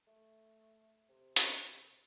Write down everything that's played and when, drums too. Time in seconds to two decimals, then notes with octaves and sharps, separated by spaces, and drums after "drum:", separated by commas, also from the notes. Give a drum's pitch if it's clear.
0.07 A3
1.09 C3
1.36 drum: hi-hat